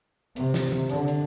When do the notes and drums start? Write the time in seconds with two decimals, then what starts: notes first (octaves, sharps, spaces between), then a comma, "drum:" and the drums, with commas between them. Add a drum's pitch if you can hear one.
0.36 C3, drum: hi-hat
0.54 drum: snare
0.72 drum: tom
0.89 D3, drum: hi-hat
1.08 drum: hi-hat